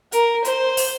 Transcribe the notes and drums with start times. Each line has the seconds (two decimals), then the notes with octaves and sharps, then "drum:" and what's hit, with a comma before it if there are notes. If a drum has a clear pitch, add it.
0.12 A#4, drum: hi-hat
0.45 C5, drum: hi-hat
0.77 drum: open hi-hat